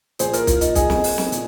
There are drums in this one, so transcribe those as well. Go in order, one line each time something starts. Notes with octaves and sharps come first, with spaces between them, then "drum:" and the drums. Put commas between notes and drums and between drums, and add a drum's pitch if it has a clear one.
A#2 F3 G#4 C5, drum: hi-hat
F4 A#4, drum: hi-hat
F4, drum: kick, hi-hat
D#4, drum: hi-hat
D#4 G#4, drum: kick, hi-hat
drum: snare
drum: open hi-hat
drum: snare
A#2, drum: hi-hat